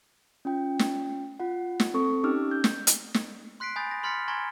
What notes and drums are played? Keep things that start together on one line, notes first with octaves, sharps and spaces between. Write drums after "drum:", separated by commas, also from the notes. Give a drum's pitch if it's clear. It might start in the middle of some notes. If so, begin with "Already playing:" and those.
C#4 F4 G5
drum: snare
F4 F#5
drum: snare
C4 A4 C#6
C#4 D#4 G4 D6 E6 F6
G6
drum: snare
drum: hi-hat
drum: snare
C6 F#6 B6 C7 D7
G#5 B5 D#6 G6 A6
A#6
B5 C6 F6 A6 B6 C#7
B6
G#5 A#5 C6 C#6 G#6 A#6